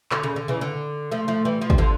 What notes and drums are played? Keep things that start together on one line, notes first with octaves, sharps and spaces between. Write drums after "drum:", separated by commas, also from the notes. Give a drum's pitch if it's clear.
D3, drum: clap
C#3
D3
C#3 E3
D3
F3 A3
F3 A3
E3 G3
F3
G3, drum: kick
D3 F3